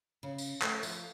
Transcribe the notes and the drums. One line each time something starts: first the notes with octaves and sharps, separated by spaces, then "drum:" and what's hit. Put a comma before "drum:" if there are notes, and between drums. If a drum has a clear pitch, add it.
C#3
drum: tambourine
A3, drum: clap
F3, drum: tambourine